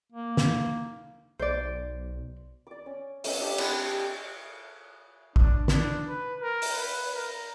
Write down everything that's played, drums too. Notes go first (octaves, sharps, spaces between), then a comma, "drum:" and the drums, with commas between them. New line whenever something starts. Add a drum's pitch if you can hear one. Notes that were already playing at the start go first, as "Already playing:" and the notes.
A#3
drum: snare
B1 C5 D5
D5 D6
C#4
A3 C#4 D#5 E5, drum: open hi-hat
D4 G4 E5
C4 E4, drum: cymbal
G4 G#5
D4, drum: kick A1
D4, drum: snare
B4
A#4
drum: open hi-hat
B4
A#4